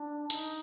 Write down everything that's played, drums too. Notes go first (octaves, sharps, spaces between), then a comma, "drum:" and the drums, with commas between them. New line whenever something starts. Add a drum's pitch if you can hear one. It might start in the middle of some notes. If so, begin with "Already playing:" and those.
Already playing: D4
D#4, drum: hi-hat